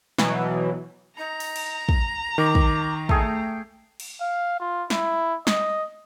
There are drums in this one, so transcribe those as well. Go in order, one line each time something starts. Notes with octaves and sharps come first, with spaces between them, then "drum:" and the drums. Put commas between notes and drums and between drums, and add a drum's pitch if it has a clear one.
B2 E3 F#3, drum: snare
D#4 A#5
drum: open hi-hat
drum: cymbal
drum: kick
D#3 D6
drum: kick
A3 G#4 G5, drum: kick
drum: cymbal
F5
F4
E4, drum: snare
D#5, drum: snare